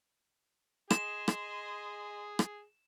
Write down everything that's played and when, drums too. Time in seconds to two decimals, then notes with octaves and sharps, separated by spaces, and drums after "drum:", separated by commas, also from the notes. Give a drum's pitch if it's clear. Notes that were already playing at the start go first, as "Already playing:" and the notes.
0.91 G#4 D#5 C6 E7, drum: rim click
1.28 drum: rim click
2.39 drum: rim click